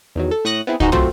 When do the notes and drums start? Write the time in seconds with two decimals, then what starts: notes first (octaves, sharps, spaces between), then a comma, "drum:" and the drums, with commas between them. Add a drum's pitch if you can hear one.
0.15 E2 D#3 F#3
0.31 A4
0.45 A2 C#6 D#6 F#6 A#6
0.67 B3 C4 E4 G#4
0.80 D#4 F#4 G#4 C5, drum: kick
0.92 F#3 A3 C4 F4 F#4 C5, drum: tom